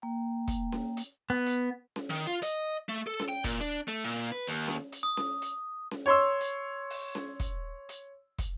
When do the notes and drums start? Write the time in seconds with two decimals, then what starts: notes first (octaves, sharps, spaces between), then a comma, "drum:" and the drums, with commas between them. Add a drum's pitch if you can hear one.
0.02 A#3 G5
0.48 drum: kick, hi-hat
0.72 drum: snare C#4
0.97 drum: hi-hat
1.30 B3
1.46 drum: hi-hat
1.96 drum: snare C#4
2.10 D#3
2.27 F4
2.43 D#5, drum: hi-hat
2.89 A3
3.07 A4
3.19 drum: snare C#4
3.29 G5
3.44 A#2, drum: kick, hi-hat
3.61 D4
3.88 A3
4.04 A#2
4.32 B4
4.47 D#2
4.68 drum: snare C#4
4.92 drum: hi-hat
5.03 D#6
5.17 drum: snare C#4
5.42 drum: hi-hat
5.91 drum: snare C#4
6.06 C#5 C6 E6
6.41 drum: hi-hat
6.90 drum: open hi-hat
7.15 drum: snare C#4
7.40 drum: kick, hi-hat
7.89 drum: hi-hat
8.38 drum: kick, hi-hat